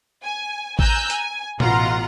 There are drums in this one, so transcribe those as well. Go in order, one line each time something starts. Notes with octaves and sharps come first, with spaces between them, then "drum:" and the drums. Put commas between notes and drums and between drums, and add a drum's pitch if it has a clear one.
G#5
G#5 A#5 E6 F#6 G6, drum: kick A1
G#5, drum: hi-hat
A1 B2 F4 F#5 A#5, drum: tom A#2